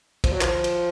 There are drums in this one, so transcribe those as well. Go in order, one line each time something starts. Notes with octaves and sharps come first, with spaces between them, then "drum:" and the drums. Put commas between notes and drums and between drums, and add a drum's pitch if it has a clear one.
F3, drum: kick, cymbal
F#3
F3, drum: clap
drum: cymbal